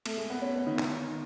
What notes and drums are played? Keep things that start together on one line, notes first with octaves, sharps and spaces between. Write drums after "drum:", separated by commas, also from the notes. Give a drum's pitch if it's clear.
A3, drum: cymbal
G#3
B3
C#4
B3
D#3
D#3, drum: clap